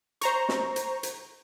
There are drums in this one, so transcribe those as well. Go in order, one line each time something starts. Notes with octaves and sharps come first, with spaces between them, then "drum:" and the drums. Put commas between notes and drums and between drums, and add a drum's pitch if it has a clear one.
C5 A#5 C#6, drum: hi-hat
drum: snare
drum: hi-hat
drum: hi-hat